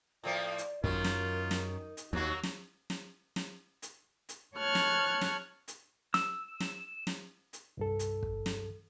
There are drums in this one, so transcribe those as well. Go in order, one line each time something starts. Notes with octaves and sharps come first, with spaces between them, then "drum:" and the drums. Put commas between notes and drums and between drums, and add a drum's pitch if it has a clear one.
A2 F3 A#3 D5
drum: hi-hat
F#2 D#3 F4 A#4, drum: kick
drum: snare
drum: snare
drum: hi-hat
D#2 F#3 A#3 F#4
drum: snare
drum: snare
drum: snare
drum: hi-hat
drum: hi-hat
C#5 A5 C#6 F6 F#6 G#6
drum: snare
drum: snare
drum: hi-hat
E6, drum: snare
drum: snare
drum: snare
drum: hi-hat
C2 G2 A4
drum: hi-hat
drum: kick
drum: snare